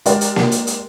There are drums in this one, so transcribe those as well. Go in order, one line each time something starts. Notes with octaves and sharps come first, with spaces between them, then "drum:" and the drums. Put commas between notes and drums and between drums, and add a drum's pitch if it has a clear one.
G#3 G4 A#4 D5 G5, drum: hi-hat
drum: hi-hat
drum: snare A#3
drum: hi-hat
drum: hi-hat